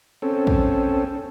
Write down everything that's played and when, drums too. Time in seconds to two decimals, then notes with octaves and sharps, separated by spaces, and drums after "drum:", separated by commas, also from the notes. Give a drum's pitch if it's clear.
0.22 C4 C#4 A4
0.47 drum: kick